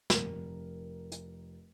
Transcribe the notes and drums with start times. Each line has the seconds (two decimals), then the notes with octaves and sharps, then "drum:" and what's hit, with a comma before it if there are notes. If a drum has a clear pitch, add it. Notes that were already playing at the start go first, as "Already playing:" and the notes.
0.10 F1 A#4, drum: snare
1.12 drum: hi-hat